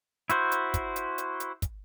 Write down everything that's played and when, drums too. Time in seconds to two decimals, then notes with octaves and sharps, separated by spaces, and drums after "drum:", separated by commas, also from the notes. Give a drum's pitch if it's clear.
0.30 E4 F#4 C5, drum: hi-hat
0.52 drum: hi-hat
0.74 drum: kick, hi-hat
0.96 drum: hi-hat
1.18 drum: hi-hat
1.40 drum: hi-hat
1.62 drum: kick, hi-hat